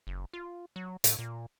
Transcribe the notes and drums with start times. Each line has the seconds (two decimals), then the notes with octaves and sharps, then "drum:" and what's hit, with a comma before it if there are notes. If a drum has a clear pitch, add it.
0.07 F#1
0.33 F4
0.76 F#3
1.04 A2, drum: hi-hat
1.19 A#2